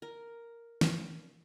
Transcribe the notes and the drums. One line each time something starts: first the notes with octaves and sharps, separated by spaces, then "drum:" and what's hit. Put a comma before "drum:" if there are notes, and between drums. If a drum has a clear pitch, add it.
A#4
drum: snare